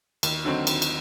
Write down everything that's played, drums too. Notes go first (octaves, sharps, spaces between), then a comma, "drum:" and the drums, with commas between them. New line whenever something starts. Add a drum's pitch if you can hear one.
D#2, drum: cymbal
D3 F#3 C4 D#4
D#2, drum: cymbal
drum: cymbal